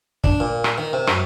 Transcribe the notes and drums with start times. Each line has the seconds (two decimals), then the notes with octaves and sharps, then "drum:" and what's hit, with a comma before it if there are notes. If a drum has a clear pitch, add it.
0.24 D4, drum: kick
0.40 A#2
0.64 drum: rim click
0.78 D#3
0.93 C3
1.07 F#2, drum: rim click